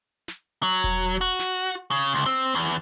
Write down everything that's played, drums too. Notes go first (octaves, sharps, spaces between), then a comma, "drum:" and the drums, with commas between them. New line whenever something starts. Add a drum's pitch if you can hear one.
drum: snare
F#3
drum: kick E1
F#4
drum: snare
C#3
C#2
C4
E2